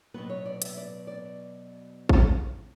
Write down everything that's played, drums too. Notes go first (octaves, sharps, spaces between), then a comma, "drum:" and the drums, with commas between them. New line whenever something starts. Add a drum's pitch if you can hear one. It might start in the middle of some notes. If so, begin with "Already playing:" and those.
B2 F#3 B3 B4
C#5
D5
E5, drum: hi-hat
D5
D5
drum: kick A1